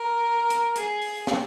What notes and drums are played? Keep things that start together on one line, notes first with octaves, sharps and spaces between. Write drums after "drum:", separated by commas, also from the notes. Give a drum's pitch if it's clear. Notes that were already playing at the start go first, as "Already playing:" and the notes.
Already playing: A#4
drum: hi-hat
G#4, drum: hi-hat
drum: open hi-hat
drum: snare